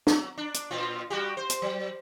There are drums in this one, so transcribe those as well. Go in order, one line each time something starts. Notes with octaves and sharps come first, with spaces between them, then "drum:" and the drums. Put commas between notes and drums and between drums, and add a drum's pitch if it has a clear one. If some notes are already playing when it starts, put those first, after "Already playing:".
F#3, drum: snare
D4
drum: hi-hat
A#2 C4 F4
G3 F#4 G4
C5
drum: hi-hat
F#3